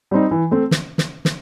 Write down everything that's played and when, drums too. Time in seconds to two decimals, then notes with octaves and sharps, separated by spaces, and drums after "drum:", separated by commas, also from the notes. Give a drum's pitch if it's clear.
0.11 G3 C4 D#4
0.31 E3
0.51 A3 C4
0.71 drum: snare
0.98 drum: snare
1.25 drum: snare